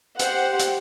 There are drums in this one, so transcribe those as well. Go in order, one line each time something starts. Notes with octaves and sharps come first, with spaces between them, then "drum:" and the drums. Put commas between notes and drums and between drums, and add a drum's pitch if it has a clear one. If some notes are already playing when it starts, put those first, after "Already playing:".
G4 C5 F#5, drum: hi-hat
drum: hi-hat